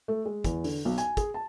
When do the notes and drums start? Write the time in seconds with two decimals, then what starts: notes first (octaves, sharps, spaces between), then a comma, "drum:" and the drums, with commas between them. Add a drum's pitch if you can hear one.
0.08 A3
0.25 G#3
0.44 E2, drum: kick, hi-hat
0.64 D3, drum: open hi-hat
0.85 B1
0.98 G#5, drum: hi-hat
1.17 G#4, drum: kick, hi-hat
1.34 A5